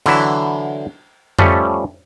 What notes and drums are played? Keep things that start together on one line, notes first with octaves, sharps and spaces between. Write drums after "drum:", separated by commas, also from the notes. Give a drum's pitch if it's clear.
D3 E3 F#3 E4, drum: cymbal
F3 G3 A3 C#4, drum: tom F2